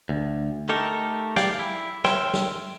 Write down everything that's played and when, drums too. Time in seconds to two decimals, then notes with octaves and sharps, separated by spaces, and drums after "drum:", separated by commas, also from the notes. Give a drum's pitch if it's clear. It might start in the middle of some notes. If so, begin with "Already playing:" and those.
0.09 D2
0.69 A3 D#4 G4 A4 A#4
1.36 G4 G#4 D5 F5 G5, drum: snare
1.59 E4
2.05 A#4 C#5 E5 G5 C6, drum: snare
2.34 drum: snare